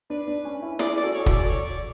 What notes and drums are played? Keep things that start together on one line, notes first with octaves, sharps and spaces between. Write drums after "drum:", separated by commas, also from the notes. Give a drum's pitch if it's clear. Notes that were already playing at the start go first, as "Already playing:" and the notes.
D4 B4
D4
C#4
C#4 E4
E4 G#4 D5, drum: snare
D5
F#4 A4
G#4 C#5
F#4 A4, drum: kick
D5
C#5
D5